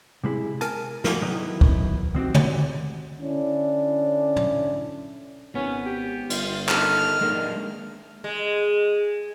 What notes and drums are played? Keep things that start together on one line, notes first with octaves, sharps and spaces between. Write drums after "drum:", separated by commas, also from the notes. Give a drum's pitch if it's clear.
C3 G#3 E4
A#4 G#5 A5, drum: hi-hat
F3 A#3 E4 F#4, drum: snare
D#3 F#3 B3 D#4 E4 A#4
drum: kick
D#3 C4 F#4 G4
drum: tom
D3 C#4 D4 E4
drum: tom
G#1 B3 C#4
G4
G1 F4, drum: cymbal
D#3 A4 F6, drum: clap
D#3 G#3 A#3 D4
G#3